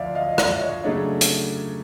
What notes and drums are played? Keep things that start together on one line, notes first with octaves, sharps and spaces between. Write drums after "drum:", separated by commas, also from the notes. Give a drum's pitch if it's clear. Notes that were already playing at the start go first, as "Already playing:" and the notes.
Already playing: D2 F3 D5 E5 F5
D#5 F5
D#5
D5 E5, drum: rim click
C#5 D#5
C#3 F#3 A3 D4 C#5 D#5
drum: hi-hat